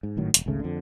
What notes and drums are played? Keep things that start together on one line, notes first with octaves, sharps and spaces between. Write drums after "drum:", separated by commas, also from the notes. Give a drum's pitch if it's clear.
G#2
G#1 A2 D#3 F#3
E1, drum: hi-hat
G#1 C#2 C#3 A3
F2 D3